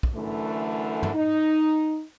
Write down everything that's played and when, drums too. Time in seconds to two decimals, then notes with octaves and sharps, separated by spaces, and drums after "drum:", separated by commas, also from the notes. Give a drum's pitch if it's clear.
0.03 drum: kick
0.15 F#2 D3 E3 A3
1.03 drum: tom
1.14 D#4